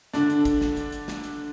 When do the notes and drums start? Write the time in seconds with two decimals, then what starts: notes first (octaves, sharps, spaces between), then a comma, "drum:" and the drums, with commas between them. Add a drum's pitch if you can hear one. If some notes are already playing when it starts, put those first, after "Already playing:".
0.13 D3 D4, drum: snare
0.30 drum: hi-hat
0.45 drum: kick, hi-hat
0.61 drum: snare
0.77 drum: hi-hat
0.92 drum: hi-hat
1.08 drum: snare
1.24 drum: hi-hat